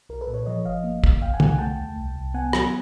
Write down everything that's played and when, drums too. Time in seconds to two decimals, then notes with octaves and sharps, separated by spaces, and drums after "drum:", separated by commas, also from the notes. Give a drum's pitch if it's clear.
0.09 B1 A#4
0.21 A4 B4
0.28 A#2
0.34 B4 C#5
0.46 F3 C#5 D#5
0.65 G1 D#5 F5
0.84 A#3
1.04 F#2, drum: kick
1.21 C2 F5 G5
1.34 F#5 G#5
1.40 C2, drum: tom
1.46 F#5 G#5
1.59 A3 G5 A5
1.79 D#2
1.96 C2
2.16 C2
2.34 B3 F#5 G#5
2.53 F#3, drum: rim click